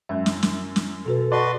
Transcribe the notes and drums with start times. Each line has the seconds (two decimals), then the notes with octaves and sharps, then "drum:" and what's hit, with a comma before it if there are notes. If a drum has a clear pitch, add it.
0.09 F#2 F#3 G#3 E5
0.26 drum: snare
0.43 drum: snare
0.76 drum: snare
1.06 B2 F#4 A4 B4
1.32 F#4 B4 D5 D#5 A5 C6